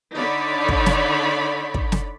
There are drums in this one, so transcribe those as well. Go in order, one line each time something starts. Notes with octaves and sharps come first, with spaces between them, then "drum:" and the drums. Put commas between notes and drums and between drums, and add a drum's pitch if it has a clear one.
D3 D#4 C#5 D5 B5
drum: kick
drum: snare
drum: kick
drum: snare